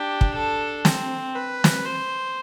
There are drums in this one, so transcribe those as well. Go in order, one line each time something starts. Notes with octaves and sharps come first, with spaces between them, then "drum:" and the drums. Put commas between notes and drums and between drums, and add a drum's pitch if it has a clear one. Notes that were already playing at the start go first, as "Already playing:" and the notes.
Already playing: D4 G4
drum: kick
A4
C4, drum: snare
B4
drum: snare
C5